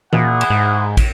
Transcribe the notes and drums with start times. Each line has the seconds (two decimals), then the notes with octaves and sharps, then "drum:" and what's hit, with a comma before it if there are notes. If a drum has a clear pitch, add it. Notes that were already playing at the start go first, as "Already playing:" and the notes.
0.13 A#2 E4 G#4 F#5, drum: tom E3
0.41 drum: cymbal
0.50 G#2
0.97 drum: kick, cymbal